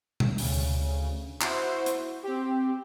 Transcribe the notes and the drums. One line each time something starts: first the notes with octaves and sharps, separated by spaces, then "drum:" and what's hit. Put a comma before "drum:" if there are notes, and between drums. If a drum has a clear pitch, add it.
drum: tom B2
D2 C#3, drum: open hi-hat
E4 F#4 C5, drum: clap
drum: hi-hat
C4 G4